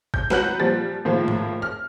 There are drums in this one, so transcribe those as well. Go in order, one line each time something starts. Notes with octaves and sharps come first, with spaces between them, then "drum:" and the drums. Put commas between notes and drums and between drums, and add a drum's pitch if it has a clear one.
G6, drum: kick
F#3 B4 F#5 F#6 G6 F#7, drum: snare
A#2 F3 G3 A6
A2 D#3 F3 G#3 A#3
drum: tom
F6